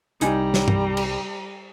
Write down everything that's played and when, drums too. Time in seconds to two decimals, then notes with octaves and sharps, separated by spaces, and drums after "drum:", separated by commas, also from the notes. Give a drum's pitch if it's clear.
0.21 C2 G3 D#4 G#5 A#5, drum: hi-hat
0.54 drum: snare
0.68 drum: tom G2
0.97 drum: cymbal